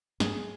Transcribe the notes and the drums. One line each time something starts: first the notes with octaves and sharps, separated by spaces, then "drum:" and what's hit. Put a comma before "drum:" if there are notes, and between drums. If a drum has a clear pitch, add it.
G#2 G#4, drum: snare